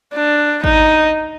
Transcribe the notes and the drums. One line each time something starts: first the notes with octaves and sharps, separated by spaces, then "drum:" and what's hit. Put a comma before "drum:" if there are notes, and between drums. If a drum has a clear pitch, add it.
D4
D#4, drum: kick G#1